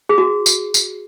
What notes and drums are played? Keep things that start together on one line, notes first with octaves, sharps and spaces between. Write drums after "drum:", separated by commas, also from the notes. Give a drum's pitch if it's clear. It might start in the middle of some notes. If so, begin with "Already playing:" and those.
G#4
F#4
drum: tambourine
drum: tambourine